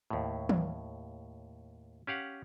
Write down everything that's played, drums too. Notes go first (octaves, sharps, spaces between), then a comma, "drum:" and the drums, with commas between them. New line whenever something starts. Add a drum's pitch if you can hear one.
D#2 A2
drum: tom
C#4 G4 F5 F#5